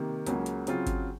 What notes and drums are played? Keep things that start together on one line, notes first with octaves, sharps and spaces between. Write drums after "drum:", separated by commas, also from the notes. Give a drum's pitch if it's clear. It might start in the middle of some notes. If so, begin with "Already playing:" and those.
Already playing: C3 D#3 A#3
C#2 C#3 F#3 A#3, drum: hi-hat
drum: hi-hat
C#3 F#3 C4 F4, drum: hi-hat
drum: kick G1, hi-hat